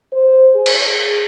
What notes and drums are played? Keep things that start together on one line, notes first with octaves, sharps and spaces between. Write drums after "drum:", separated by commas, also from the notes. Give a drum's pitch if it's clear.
C5
G#4
drum: cymbal